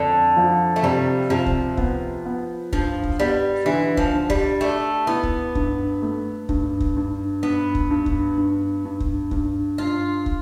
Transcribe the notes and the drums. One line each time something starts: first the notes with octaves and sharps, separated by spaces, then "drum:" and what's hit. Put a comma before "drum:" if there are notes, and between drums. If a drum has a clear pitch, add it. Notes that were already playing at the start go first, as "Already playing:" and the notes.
Already playing: F2 D3
F3
A3
C3 G3
C3 F3
drum: kick
B3, drum: kick
B3
G2 F3, drum: kick
drum: kick
G3 B3
D3 E3
F3, drum: kick
D3
G3, drum: kick
A3 G4
B3 E4
drum: kick
G2, drum: kick
A3
G2, drum: kick
drum: kick
G2
G2 B3
drum: kick
G2
drum: kick
G2
G2
drum: kick
G2, drum: kick
G2 F4
drum: kick